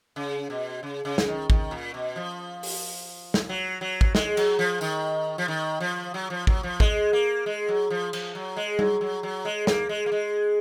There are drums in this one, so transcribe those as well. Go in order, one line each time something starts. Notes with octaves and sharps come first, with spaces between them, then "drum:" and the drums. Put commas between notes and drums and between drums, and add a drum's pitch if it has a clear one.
C#3
B2
C#3
C#3
drum: snare
D#3
D#3, drum: kick
A#2
B2
F3
drum: open hi-hat
drum: snare
F#3
F#3
drum: kick
G#3, drum: snare
F#3, drum: cymbal
F3
D#3, drum: tambourine
F3
D#3
F3
F#3
F3
F#3, drum: kick
F3
G#3, drum: kick
A#3
G#3
F#3
F3
F3, drum: cymbal
F#3
G#3
F#3, drum: tom G3
F#3
F#3
G#3
A#3, drum: snare
G#3
A#3
G#3